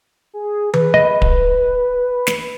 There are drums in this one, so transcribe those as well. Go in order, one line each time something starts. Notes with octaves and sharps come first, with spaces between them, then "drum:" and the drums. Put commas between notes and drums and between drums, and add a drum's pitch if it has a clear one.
G#4
B4, drum: tom D#3
D#5
drum: kick D1
drum: snare